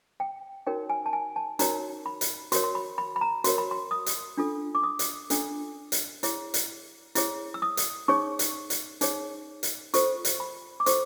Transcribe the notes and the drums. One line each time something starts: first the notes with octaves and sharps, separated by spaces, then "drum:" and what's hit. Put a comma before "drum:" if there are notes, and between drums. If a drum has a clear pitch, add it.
G5
D#4 F#4 A#4 C#5 G5
G#5
A5
G#5
A5
D#4 F#4 A#4 C#5 A#5, drum: hi-hat
B5
drum: hi-hat
F#4 A#4 C#5 C6, drum: hi-hat
C6
B5
B5
B5
A#5
F#4 A#4 C#5 C6, drum: hi-hat
B5
C6
D#6
drum: hi-hat
D4 F4 A4
D6
D#6
drum: hi-hat
D4 F4 A4, drum: hi-hat
drum: hi-hat
E4 G#4 C#5, drum: hi-hat
drum: hi-hat
E4 G#4 C#5, drum: hi-hat
E6
D#6
drum: hi-hat
D#4 G#4 C#5 C#6
drum: hi-hat
drum: hi-hat
D#4 G#4 C#5, drum: hi-hat
drum: hi-hat
F4 A4 C5 C#6, drum: hi-hat
drum: hi-hat
B5
D6
F4 A4 C5 C#6, drum: hi-hat